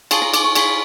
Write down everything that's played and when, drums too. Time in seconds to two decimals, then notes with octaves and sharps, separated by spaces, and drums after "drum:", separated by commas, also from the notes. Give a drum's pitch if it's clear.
0.11 F4 G#4 C#5 A5, drum: cymbal
0.22 A#5
0.34 D6, drum: cymbal
0.44 C#6
0.55 F4 G#4 C#5 B5, drum: cymbal